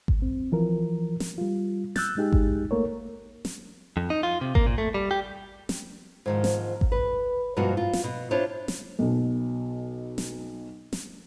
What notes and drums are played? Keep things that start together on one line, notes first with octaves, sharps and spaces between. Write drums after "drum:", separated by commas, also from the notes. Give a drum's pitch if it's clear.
drum: kick G#1
C4
E3 F3 A#4
drum: snare
G3 F4
E6 F#6 G6 A6, drum: snare
G#3 D#4 G4 G#4
drum: kick G#1
A3 A#3 A#4 C#5
drum: snare
F2
D#4
F4
C3
A#3, drum: kick G#1
A#2
A3
G3
G4
drum: snare
G#2 D#3 F3
drum: snare
drum: kick G#1
B4
G2 B2 F3 A#3 F#4
F4
drum: snare
B2
D4 E4 F4 C5 C#5
drum: snare
B1 B2
drum: snare
drum: snare